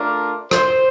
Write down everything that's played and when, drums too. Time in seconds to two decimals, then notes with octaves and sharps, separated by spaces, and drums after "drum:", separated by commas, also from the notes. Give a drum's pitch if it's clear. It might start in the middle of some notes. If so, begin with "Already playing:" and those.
Already playing: A3 D4 F4 A#4
0.51 C5, drum: rim click